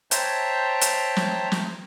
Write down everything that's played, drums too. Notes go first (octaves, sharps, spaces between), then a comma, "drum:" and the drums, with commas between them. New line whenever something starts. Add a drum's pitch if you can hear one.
C5 C#5 E5 G5 A5 A#5, drum: hi-hat
drum: hi-hat
drum: snare
drum: snare